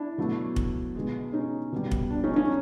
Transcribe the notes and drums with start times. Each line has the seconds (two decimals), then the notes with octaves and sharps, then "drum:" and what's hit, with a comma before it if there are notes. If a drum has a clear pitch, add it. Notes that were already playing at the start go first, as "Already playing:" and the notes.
Already playing: D4 E4
0.18 B2 F#3 A3
0.56 drum: kick
0.95 B2 G#3
1.33 C#4 D#4
1.72 B2 G3
1.91 drum: kick
2.10 D4
2.24 C#4 D#4
2.36 C#4 D#4